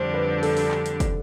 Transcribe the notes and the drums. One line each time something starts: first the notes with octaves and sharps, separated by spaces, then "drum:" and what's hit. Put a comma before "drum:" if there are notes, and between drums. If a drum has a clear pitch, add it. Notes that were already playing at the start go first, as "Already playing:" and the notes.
Already playing: F2 D3 G3 D4 C5
B4
A4, drum: open hi-hat
drum: open hi-hat
drum: clap
drum: hi-hat
drum: kick, hi-hat